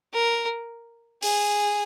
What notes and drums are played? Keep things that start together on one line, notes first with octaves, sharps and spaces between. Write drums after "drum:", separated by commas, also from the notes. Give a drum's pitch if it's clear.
A#4
G#4, drum: open hi-hat